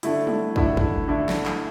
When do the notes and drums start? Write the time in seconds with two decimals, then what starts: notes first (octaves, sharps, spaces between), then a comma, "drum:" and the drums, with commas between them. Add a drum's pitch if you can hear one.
0.03 D3 A3 E4, drum: hi-hat
0.27 drum: tom
0.56 D3 A3 E4, drum: kick
0.77 drum: kick
1.08 D3 A3 E4
1.29 drum: snare
1.46 drum: clap